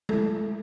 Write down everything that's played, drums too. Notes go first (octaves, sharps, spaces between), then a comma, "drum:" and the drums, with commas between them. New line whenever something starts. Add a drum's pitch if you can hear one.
A3, drum: tom G#3